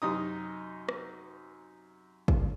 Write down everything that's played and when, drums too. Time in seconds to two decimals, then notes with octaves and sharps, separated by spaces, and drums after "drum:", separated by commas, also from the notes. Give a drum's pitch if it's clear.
0.02 F#2 C3 D#4 D#6
0.89 drum: rim click
2.28 drum: kick